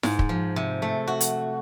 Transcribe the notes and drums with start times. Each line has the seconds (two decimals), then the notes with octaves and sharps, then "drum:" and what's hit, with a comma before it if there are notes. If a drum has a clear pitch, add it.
0.03 G#2, drum: snare E4
0.19 drum: kick
0.29 F3
0.56 C3
0.82 A3
1.07 F#4
1.21 drum: hi-hat